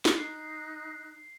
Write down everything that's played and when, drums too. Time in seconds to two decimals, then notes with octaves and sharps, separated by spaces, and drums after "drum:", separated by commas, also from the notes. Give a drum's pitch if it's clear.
0.05 drum: snare
0.18 D#4 F#6 C7